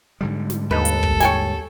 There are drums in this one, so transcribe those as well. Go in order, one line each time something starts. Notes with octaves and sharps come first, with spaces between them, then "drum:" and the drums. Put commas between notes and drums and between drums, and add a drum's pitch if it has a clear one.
G#2 D3 G3
drum: snare
D#2 D#4 A4 B4
drum: hi-hat
drum: kick
C#5 G5 G#5, drum: snare